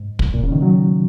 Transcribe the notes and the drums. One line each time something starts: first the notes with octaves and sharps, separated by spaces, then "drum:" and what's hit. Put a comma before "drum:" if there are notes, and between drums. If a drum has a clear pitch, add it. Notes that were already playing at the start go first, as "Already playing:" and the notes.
Already playing: G#2
drum: kick
A#2
C#3
D#3
F#3